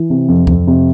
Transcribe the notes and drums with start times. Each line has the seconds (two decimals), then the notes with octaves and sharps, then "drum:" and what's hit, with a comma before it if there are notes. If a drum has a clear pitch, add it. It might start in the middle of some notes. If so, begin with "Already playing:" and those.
Already playing: E3
0.10 C3
0.29 F2
0.47 F2, drum: kick D2
0.67 C3